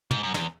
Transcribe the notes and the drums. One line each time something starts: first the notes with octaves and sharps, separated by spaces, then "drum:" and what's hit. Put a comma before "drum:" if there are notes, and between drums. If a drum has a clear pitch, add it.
G#2, drum: tom
F#2
E2, drum: snare